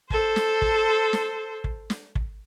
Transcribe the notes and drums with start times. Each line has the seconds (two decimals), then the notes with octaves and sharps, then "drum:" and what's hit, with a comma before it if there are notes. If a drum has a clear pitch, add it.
0.10 A4 C5, drum: kick
0.36 drum: snare
0.62 drum: kick
1.13 drum: snare
1.64 drum: kick
1.90 drum: snare
2.15 drum: kick